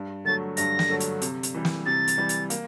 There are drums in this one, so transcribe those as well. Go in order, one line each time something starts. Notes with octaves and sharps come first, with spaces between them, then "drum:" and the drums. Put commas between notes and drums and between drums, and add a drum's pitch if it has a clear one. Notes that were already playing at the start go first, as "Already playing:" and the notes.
Already playing: G2
D3 F#3 A3 A6
G2 A#6, drum: hi-hat
drum: snare
D3 F#3 A3
drum: hi-hat
C3, drum: hi-hat
drum: hi-hat
E3 G3
drum: snare
C3 A6
drum: hi-hat
E3 G3
drum: hi-hat
A#3, drum: hi-hat